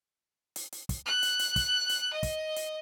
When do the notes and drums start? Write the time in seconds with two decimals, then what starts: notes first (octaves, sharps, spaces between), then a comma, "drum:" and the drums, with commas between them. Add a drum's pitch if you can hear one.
0.56 drum: hi-hat
0.72 drum: hi-hat
0.89 drum: kick, hi-hat
1.06 F#6
1.23 drum: hi-hat
1.39 drum: hi-hat
1.56 drum: kick, hi-hat
1.89 drum: hi-hat
2.13 D#5
2.23 drum: kick, hi-hat
2.56 drum: hi-hat